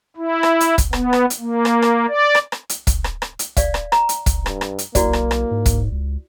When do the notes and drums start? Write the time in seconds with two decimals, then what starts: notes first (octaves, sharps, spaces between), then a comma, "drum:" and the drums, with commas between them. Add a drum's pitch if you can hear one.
0.16 E4
0.43 drum: rim click
0.60 drum: hi-hat
0.78 drum: kick, hi-hat
0.93 B3, drum: rim click
1.13 drum: rim click
1.30 drum: hi-hat
1.39 A#3
1.65 drum: rim click
1.82 drum: rim click
2.09 D5
2.35 drum: rim click
2.52 drum: rim click
2.69 drum: hi-hat
2.87 drum: kick, hi-hat
3.04 drum: rim click
3.22 drum: rim click
3.39 drum: hi-hat
3.57 D5 F5, drum: kick, hi-hat
3.74 drum: rim click
3.92 A#5, drum: rim click
4.09 drum: hi-hat
4.26 drum: kick, hi-hat
4.46 G2, drum: rim click
4.61 drum: rim click
4.78 drum: hi-hat
4.95 B1 A#3 E4 F#4 D5, drum: kick, hi-hat
5.13 drum: rim click
5.31 drum: rim click
5.51 G#2
5.66 drum: kick, hi-hat
5.92 C#2